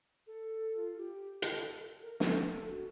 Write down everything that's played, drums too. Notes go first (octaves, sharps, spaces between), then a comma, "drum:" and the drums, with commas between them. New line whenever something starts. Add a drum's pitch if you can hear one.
A4
F4
G4
A4, drum: hi-hat
A#4
C4, drum: snare
A4
F#4